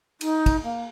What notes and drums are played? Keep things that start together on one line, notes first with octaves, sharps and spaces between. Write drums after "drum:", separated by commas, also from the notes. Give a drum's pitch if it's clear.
D#4, drum: cymbal
drum: kick, cymbal
A#3